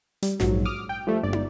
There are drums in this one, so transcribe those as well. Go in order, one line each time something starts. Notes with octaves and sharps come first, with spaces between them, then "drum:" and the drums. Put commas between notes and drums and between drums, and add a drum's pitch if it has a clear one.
G3, drum: hi-hat
A#1 G#2 F#3, drum: snare
D6 D#6 F6
G5
F3 G3 A3
G1 D5
drum: tom